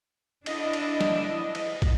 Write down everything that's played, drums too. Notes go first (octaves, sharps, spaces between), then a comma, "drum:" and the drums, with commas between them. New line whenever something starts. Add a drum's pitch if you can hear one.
D4 E4 D#5, drum: cymbal
drum: cymbal
drum: snare
drum: cymbal
drum: kick, cymbal